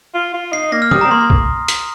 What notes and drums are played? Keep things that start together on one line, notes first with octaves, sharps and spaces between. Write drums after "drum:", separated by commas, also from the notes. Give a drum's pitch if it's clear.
F4
F4
D#4 C7
C7
A#3 A#6
F6
G3 D#6, drum: tom D#3
C4 A#5
A#3 C6
C6
drum: kick B1
drum: hi-hat